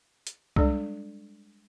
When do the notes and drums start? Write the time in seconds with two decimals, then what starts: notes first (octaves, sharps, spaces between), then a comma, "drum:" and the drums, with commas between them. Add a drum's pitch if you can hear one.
0.27 drum: hi-hat
0.56 G3 G#3 D4 A4 D5, drum: kick C2